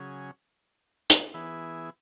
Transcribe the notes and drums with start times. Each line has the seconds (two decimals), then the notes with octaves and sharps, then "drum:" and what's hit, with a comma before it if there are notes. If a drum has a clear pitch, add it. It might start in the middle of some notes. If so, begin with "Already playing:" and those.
Already playing: C#3 F#3 C#4 G#4
1.10 drum: hi-hat
1.34 E3 B3 E4 G#4